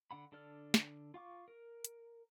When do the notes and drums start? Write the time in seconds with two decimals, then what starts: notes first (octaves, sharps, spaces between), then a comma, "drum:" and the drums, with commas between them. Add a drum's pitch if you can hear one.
0.11 D3 F#5 B5
0.32 D3 D4 A4 D5 F6
0.74 drum: snare
1.14 F4 F5 C#6 D6
1.48 A#4
1.85 drum: hi-hat